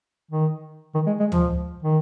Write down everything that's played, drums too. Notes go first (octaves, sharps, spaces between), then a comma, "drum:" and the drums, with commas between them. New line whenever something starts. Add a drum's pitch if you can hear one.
D#3
D#3
G#3
G#3
F3, drum: tom
D#3